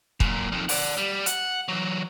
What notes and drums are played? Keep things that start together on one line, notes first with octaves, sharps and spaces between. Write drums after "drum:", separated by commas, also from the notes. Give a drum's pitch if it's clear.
F#2 A#2, drum: kick
F2 D#3
D5 F#5, drum: open hi-hat
G3
F#5, drum: hi-hat
E3 F#3